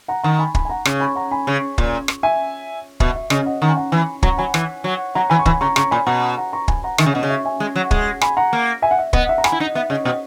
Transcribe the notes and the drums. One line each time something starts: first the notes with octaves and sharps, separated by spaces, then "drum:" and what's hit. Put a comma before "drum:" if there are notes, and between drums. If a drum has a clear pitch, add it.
F#5 A#5
D#3 F#5 A#5
G#5 B5
G#5 B5, drum: kick
G#5
F#5 A#5
C#3, drum: rim click
G#5 B5
F#5 A#5
G#5 B5
C#3
A#2, drum: kick
drum: rim click
E5 G#5
B2 E5, drum: kick
E5
C#3 D#5, drum: rim click
D#5 F#5
D#3 F#5 A#5
G#5
F#5 A#5
E3 G#5 B5
F#3 A#5 C#6, drum: kick
F#3 G#5 B5
E3, drum: rim click
F#3
F#3 F#5 A#5
E3 G#5 B5
C#6
E3 G#5 B5, drum: kick
C#3 A#5 C#6
C#3 A#5 C#6, drum: rim click
A#2 G#5 B5
B2 F#5 A#5
F#5 A#5
A#5 C#6
G#5 B5, drum: kick
F#5 A#5
D#3 E5 G#5, drum: rim click
C#3
B2 D#5 F#5
C#3
E5
E5 G#5
G#3
F#3
G#3, drum: kick
G#5 B5, drum: rim click
F#5 A#5
A#3
E5 G#5
F#5
E5
B3 D#5, drum: kick
E5
A#5
G#5 B5, drum: rim click
E4
D#4
D#5
B3 E5
C#3 D#5
B2 D#5 F#5